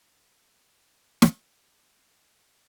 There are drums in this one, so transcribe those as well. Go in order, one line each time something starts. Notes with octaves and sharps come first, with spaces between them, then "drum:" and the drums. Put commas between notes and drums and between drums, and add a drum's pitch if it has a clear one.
drum: snare
A2 G#4